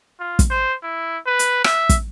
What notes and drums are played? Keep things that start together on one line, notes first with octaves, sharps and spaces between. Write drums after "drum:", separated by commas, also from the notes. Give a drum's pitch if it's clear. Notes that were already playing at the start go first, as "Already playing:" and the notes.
F4
drum: kick, hi-hat
C5
E4
B4
drum: hi-hat
E5, drum: rim click
drum: kick, hi-hat